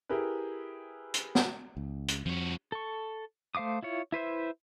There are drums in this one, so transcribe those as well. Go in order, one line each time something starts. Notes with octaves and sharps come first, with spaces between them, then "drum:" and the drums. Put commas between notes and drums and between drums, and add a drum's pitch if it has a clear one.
E4 G4 G#4 A#4 B4
drum: hi-hat
drum: snare
C#2
drum: hi-hat
F2 F3 F#4
A4 C#6
A3 C5 F5 D6 D#6
E4 F4 C#5
E4 B4 C5 E5